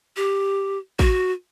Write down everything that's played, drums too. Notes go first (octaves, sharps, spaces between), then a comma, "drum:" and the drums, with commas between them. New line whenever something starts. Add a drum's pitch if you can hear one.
G4
F#4, drum: kick A1